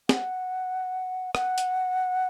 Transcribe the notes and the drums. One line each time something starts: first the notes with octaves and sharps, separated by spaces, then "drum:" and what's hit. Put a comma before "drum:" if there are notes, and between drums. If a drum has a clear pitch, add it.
F#5, drum: snare
F#5, drum: rim click
drum: hi-hat